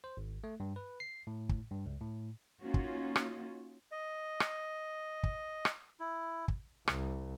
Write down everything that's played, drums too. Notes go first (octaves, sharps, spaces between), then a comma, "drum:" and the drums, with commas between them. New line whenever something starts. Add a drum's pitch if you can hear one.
C5
G#1
A3
G2
B4
C7
A2
drum: kick
G2
C#2
A2
A#3 C#4 D#4 F4 F#4
drum: kick
drum: rim click
D#5
drum: rim click
drum: kick
drum: rim click
E4
drum: kick
C2, drum: rim click